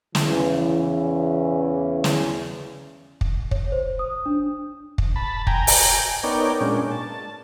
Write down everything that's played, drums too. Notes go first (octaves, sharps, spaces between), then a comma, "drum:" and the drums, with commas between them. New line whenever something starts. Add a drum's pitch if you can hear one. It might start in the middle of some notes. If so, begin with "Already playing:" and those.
E2 C#3 E3, drum: snare
drum: snare
drum: kick
C#5, drum: kick
C5
D#6
D4
drum: kick
A5 B5
G5 G#5 A#5, drum: kick
drum: open hi-hat
B3 D#4 A#4 C#5 D5 G5
A#2 G#3 C#4 D4
A5